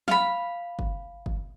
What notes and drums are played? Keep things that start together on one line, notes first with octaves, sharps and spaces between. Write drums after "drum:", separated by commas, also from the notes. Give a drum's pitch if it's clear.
F5 B5, drum: snare
drum: kick G1
drum: kick G1